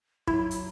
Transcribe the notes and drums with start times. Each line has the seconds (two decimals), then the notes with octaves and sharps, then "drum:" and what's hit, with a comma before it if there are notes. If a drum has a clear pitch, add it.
0.27 F#3 E4, drum: kick
0.51 drum: hi-hat